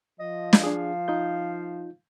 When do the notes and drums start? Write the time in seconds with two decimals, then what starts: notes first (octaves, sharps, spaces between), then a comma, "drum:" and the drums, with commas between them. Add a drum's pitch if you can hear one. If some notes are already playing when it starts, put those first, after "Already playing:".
0.20 F3 D#5
0.53 drum: snare
0.64 D4 G#4 F5
1.08 D#4 F4 G6